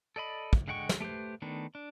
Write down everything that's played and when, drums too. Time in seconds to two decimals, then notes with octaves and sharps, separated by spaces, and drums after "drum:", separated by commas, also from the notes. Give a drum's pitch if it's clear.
0.16 A4 D5 D#5 B5
0.53 drum: kick
0.68 D3 G#3 F#5 G5 C#6
0.89 drum: snare
1.01 A3 G4 B4 C5
1.42 D#3 A3 B3 D4
1.75 D4